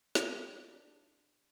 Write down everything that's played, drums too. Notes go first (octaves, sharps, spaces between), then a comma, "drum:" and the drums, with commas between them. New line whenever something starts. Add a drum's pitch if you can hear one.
D4 G4 G5 G#6, drum: snare